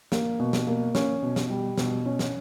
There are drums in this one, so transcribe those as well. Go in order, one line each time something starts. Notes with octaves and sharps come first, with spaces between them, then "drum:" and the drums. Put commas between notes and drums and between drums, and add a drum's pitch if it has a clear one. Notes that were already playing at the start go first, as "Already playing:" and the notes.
A#3, drum: snare
B2
drum: snare
A#3
C#4, drum: snare
B2
drum: snare
G3
B2, drum: snare
C#4
drum: snare